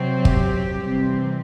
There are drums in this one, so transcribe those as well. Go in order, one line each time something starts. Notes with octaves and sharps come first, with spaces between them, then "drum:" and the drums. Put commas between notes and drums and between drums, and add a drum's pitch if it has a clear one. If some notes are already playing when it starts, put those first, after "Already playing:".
Already playing: C3 F#3 C4
G4, drum: kick
C3 E3 G3 C4